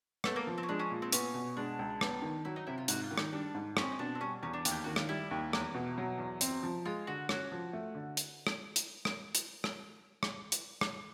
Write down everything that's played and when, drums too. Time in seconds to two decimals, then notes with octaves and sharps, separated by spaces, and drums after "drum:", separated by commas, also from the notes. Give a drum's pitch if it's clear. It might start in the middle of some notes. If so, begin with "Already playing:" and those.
0.24 A3 B3, drum: rim click
0.36 A#3
0.47 F3
0.58 C4
0.63 C#4
0.69 G#3 D4
0.79 C#4
0.91 A#2
1.02 C4
1.12 B3 C#4, drum: hi-hat
1.34 B2
1.57 G#3 D4
1.79 C#2
2.01 B3, drum: rim click
2.22 D#3
2.45 F#3 E4
2.56 D#4
2.67 C3 E4
2.78 F4
2.88 G#2 F#4, drum: hi-hat
3.04 F4
3.11 D#3
3.18 D#4, drum: rim click
3.33 G3 D4
3.54 G#2
3.77 C4 C#4, drum: rim click
3.92 D#4
3.99 B2 D4
4.15 C4
4.21 G3 C#4
4.43 E2 C#4
4.53 D4
4.65 D#2, drum: hi-hat
4.71 G4
4.84 D#3 F#4
4.96 F4, drum: rim click
5.09 G3 E4
5.31 D#2
5.53 E2, drum: rim click
5.74 B2
5.98 F#3
6.18 E2
6.41 C4, drum: hi-hat
6.63 F3
6.85 G#3 F4
7.07 D3 F#4
7.29 C#4 F#4, drum: rim click
7.52 F3
7.73 A3
7.95 D3
8.17 drum: hi-hat
8.47 drum: rim click
8.76 drum: hi-hat
9.05 drum: rim click
9.35 drum: hi-hat
9.64 drum: rim click
10.23 drum: rim click
10.52 drum: hi-hat
10.81 drum: rim click